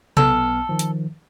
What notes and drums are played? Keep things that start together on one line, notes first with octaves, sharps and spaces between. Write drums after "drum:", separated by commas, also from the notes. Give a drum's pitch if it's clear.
B1 B3 A4 F6, drum: tom C3
D#3 F3
drum: hi-hat